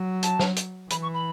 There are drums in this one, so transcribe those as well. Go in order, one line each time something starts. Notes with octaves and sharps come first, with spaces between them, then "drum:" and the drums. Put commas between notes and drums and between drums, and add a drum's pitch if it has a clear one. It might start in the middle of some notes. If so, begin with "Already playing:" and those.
Already playing: F#3
A5, drum: hi-hat
drum: snare
drum: hi-hat
E3 B5, drum: hi-hat
C#6
B5